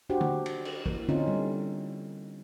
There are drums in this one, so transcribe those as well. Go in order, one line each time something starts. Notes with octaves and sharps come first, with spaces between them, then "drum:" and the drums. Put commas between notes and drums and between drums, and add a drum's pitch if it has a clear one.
D4 F#4 G4 C5
drum: tom D3
drum: cymbal
drum: cymbal
E3 A#3 A#4, drum: kick
D3 C4 C#4 D#4 F4
G3